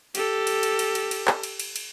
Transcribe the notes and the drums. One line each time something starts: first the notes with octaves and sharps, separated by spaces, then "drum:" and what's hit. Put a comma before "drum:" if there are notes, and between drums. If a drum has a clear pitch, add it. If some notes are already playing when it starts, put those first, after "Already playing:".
G4 A4, drum: cymbal
drum: cymbal
drum: cymbal
drum: cymbal
drum: cymbal
drum: cymbal
drum: clap
drum: cymbal
drum: cymbal
drum: cymbal